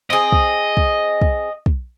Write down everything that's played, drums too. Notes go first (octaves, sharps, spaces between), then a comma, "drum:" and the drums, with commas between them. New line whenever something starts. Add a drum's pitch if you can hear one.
C4 G#4 D#5
drum: kick
drum: kick
drum: kick
drum: kick